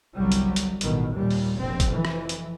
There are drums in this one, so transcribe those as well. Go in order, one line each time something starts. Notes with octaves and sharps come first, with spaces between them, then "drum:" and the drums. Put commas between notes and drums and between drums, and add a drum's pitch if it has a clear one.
G1 C2 F#3 G3
drum: hi-hat
drum: hi-hat
A1 B2 D#3, drum: hi-hat
D#2 A#2 G3
drum: open hi-hat
F1 A#1 C4
drum: kick, hi-hat
F2 E3
drum: rim click
drum: hi-hat